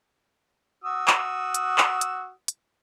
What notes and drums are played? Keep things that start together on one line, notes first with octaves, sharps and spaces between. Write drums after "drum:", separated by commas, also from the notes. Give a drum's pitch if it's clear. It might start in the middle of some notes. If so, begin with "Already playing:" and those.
F#4 D#6 E6
drum: clap
drum: hi-hat
drum: clap
drum: hi-hat
drum: hi-hat